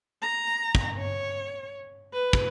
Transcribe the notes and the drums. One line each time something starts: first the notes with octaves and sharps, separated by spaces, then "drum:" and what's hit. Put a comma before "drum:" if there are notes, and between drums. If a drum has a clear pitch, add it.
A#5
drum: kick
C#5
B4
drum: kick